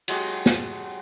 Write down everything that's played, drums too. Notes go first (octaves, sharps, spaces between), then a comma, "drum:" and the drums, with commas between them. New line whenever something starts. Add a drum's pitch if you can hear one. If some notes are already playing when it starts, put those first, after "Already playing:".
F#3 G#3 F#4 G4, drum: cymbal
drum: snare